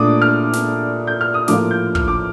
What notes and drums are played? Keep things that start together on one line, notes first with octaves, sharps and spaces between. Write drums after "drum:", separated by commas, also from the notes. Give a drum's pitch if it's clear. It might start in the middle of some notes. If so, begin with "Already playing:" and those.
Already playing: A#2 A3 D4 D6 D#6
F6
drum: snare
G6
F6
D#6
A2 F3 A#3 F4 D6, drum: snare
G6
F6, drum: kick
D6